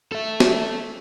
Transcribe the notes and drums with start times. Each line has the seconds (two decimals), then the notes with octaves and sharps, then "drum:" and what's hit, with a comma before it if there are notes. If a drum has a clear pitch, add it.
0.12 A4 E5
0.40 drum: snare